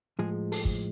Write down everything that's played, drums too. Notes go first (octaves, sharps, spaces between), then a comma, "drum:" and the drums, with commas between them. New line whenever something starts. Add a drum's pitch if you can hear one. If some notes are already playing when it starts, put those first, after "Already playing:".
A2 F3 G#3 G#4
A4, drum: open hi-hat
drum: kick